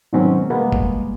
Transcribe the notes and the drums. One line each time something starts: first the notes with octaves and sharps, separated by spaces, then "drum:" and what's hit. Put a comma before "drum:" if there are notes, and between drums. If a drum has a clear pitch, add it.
G#2 B2 D#3 F#3 C4 C#4
B2 G3 G#3 A#3 B3
drum: kick F#1